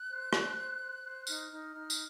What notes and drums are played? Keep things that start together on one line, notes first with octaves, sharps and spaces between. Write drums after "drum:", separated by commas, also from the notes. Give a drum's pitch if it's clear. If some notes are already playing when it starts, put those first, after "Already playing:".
Already playing: F#6
C5
C5, drum: rim click
C5
C5
C5
D#4 F6, drum: tambourine
D#4
D#4 F6
drum: tambourine